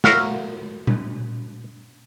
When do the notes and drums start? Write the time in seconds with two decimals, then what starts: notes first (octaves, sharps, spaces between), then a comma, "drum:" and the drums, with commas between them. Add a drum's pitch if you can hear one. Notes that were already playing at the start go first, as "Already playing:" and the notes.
0.04 F#4 A#4 E5 F5, drum: snare
0.87 drum: tom A#2